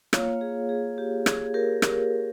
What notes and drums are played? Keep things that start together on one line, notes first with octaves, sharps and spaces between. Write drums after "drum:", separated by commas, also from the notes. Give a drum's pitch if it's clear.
A#3 F4 C#5 F5, drum: rim click
G#4
G#4
G4
G#4, drum: rim click
G4 A#4
G4 A#4, drum: rim click